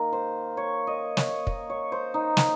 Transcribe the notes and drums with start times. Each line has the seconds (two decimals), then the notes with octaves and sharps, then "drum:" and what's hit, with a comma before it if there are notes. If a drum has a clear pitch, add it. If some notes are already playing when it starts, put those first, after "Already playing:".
Already playing: D#3 A#3 A#4
0.13 C5
0.57 C#5
0.87 D#5
1.17 C#5, drum: snare
1.47 D#5, drum: kick
1.70 C#5
1.92 C5
2.14 D#4
2.37 drum: snare